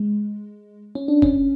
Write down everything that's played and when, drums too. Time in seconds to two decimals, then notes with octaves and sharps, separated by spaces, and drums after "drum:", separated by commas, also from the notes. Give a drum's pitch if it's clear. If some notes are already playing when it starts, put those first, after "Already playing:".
Already playing: G#3
0.95 C#4
1.08 D4
1.22 C#4, drum: kick F#1